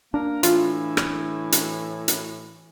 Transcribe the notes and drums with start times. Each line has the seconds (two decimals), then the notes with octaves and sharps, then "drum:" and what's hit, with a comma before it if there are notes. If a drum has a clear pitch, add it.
0.14 A#3 D4 A#4
0.43 A2 E3 F4, drum: hi-hat
0.97 drum: rim click
1.52 drum: hi-hat
2.08 drum: hi-hat